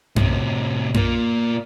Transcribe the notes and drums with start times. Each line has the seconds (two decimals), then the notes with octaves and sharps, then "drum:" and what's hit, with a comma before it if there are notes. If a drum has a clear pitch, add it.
0.16 A2 C3, drum: tom F#2
0.94 A#2 A#3, drum: tom F#2